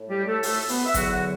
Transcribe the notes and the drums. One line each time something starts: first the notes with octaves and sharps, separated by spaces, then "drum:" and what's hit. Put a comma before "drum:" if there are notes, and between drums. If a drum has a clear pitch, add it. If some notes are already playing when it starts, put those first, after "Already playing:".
Already playing: A2
G3 G4
A3 A4
A3 A4, drum: open hi-hat
B3 B4, drum: open hi-hat
E5
E2 D3 F#3 F#4 F#5, drum: kick G1, hi-hat
F#4 F#5